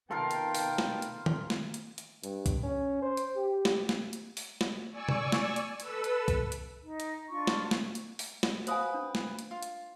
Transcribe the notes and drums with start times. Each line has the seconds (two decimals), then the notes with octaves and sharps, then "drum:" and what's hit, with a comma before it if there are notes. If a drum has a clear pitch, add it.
0.11 C3 D#3 B3 F4 A4 A#4 F5 G5
0.31 drum: hi-hat
0.55 drum: open hi-hat
0.78 drum: snare
1.02 drum: hi-hat
1.26 drum: tom D#3
1.50 drum: snare
1.74 drum: hi-hat
1.98 drum: hi-hat
2.24 G2, drum: hi-hat
2.46 drum: kick, hi-hat
2.64 C#4
3.02 C5
3.17 drum: hi-hat
3.36 G4
3.65 drum: snare
3.89 drum: snare
4.13 drum: hi-hat
4.37 drum: open hi-hat
4.61 drum: snare
4.91 D5 G#5 C#6 E6
5.09 drum: tom C3
5.32 drum: snare
5.56 drum: hi-hat
5.80 A4 B4 E6, drum: hi-hat
6.04 drum: hi-hat
6.28 drum: kick, hi-hat
6.52 drum: hi-hat
6.83 D#4
7.00 drum: hi-hat
7.29 D4 F4 C#6
7.47 drum: snare
7.71 drum: snare
7.95 drum: hi-hat
8.19 drum: open hi-hat
8.43 drum: snare
8.67 F#4 B4 C5 F5 G#5 D#6, drum: hi-hat
8.94 D4
9.15 drum: snare
9.39 drum: hi-hat
9.51 F4
9.62 drum: hi-hat